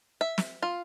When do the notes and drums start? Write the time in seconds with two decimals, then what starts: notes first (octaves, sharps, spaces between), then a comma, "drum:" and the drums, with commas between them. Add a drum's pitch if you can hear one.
0.21 E5
0.38 drum: snare
0.63 F4